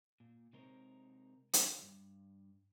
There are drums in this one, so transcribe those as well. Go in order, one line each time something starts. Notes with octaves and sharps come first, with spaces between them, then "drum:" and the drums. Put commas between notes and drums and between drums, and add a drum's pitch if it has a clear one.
A#2
C3 G#3 C4 D#4 A#4 C#5
F#3 E4 F#4, drum: hi-hat
D2 G2